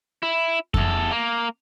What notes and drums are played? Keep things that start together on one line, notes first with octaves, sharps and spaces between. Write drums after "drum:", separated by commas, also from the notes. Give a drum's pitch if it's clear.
E4
E2 A4, drum: kick F2
A#3